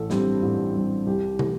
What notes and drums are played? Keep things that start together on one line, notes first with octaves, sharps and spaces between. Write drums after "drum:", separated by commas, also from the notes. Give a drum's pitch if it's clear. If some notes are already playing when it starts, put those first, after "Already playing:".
Already playing: A1 A4
G2 G3 C4, drum: snare
A1
G2 G3 C4
C2 G4
C3 E3 A3, drum: tom